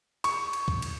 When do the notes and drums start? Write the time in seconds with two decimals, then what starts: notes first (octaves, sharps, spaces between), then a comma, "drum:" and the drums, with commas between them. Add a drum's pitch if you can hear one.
0.24 C#6, drum: cymbal
0.53 drum: cymbal
0.68 drum: kick
0.82 drum: cymbal